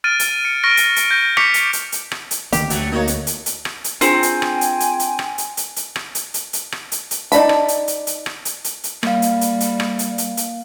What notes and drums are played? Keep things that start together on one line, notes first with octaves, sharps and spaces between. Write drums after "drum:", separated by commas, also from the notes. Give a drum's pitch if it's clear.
F6 A6 D7 D#7
drum: hi-hat
C#7
C#6 F6 A#6 D7 G7
drum: hi-hat
drum: hi-hat
G6 A#6
C#6 D6 B6 C#7 F7, drum: rim click
drum: hi-hat
drum: hi-hat
drum: hi-hat
drum: rim click
drum: hi-hat
D2 D#3 A#3 G4, drum: hi-hat
D2 F#3 A3 F#4, drum: hi-hat
A#3 D#4 F#4 C#5
drum: hi-hat
drum: hi-hat
drum: hi-hat
drum: rim click
drum: hi-hat
C4 D4 F4 G#4 G5 G#5, drum: hi-hat
drum: hi-hat
drum: rim click
drum: hi-hat
drum: hi-hat
drum: hi-hat
drum: rim click
drum: hi-hat
drum: hi-hat
drum: hi-hat
drum: rim click
drum: hi-hat
drum: hi-hat
drum: hi-hat
drum: rim click
drum: hi-hat
drum: hi-hat
D#4 D5 A5 B5, drum: hi-hat
drum: rim click
drum: hi-hat
drum: hi-hat
drum: hi-hat
drum: rim click
drum: hi-hat
drum: hi-hat
drum: hi-hat
G3 A#3 F5, drum: rim click
drum: hi-hat
drum: hi-hat
drum: hi-hat
drum: rim click
drum: hi-hat
drum: hi-hat
drum: hi-hat